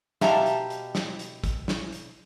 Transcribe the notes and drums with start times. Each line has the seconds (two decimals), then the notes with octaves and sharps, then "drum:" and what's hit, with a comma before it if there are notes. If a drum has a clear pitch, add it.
0.21 B2 G4 E5 F5 A5 A#5, drum: snare
0.46 drum: hi-hat
0.70 drum: hi-hat
0.95 drum: snare
1.19 drum: hi-hat
1.44 drum: kick, hi-hat
1.68 drum: snare
1.92 drum: hi-hat